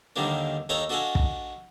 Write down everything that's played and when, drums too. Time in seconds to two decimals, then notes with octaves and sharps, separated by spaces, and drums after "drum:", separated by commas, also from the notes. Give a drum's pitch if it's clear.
0.16 D#2 D3 D#3 G3 A#3 D4
0.69 D#2 D#4 A4 C#5 A#5 D6
0.89 D4 F#4 A4 D#5 F5 G#5
1.15 drum: kick